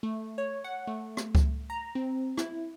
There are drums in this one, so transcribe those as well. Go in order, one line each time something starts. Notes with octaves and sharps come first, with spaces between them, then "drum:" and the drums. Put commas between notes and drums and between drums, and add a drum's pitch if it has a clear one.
A3
C#5
F#5
A3
drum: rim click
drum: kick C#2
A#5
C4
E4, drum: rim click